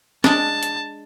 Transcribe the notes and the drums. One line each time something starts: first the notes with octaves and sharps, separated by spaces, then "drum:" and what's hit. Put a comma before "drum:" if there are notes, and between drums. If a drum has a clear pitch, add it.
G#3 D4 A5, drum: snare
drum: hi-hat